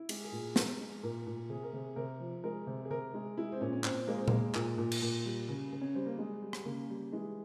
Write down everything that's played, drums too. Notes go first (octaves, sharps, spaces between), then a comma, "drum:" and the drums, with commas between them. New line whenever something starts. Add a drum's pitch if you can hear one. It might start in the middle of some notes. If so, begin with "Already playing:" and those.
Already playing: E4
G#3, drum: cymbal
G#4
A#2
G#3 A#4, drum: snare
G#3
A#2 A#4
A#2
C3 G#4
A#4
C3 G#4
C3 A#4
F3
G#3 A#4
C3
G#4
C3 A#4
G#3
G#3 E4
C4
A#2 C#4
C#4
A#2 C4, drum: clap
G#3 A#3
C4
G#3 A#3, drum: tom A#2
A#2, drum: clap
A#2
drum: cymbal
A#2
G3
C#3
C#3
C#4
G3 C4
A#3
G3 G#3
G3
drum: rim click
C#3 A#3
G3
E3 G#3